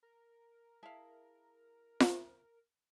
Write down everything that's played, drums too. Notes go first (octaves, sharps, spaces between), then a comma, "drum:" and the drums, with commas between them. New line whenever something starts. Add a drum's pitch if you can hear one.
A#4
E4 G#4 E5 F5 A5
drum: snare F4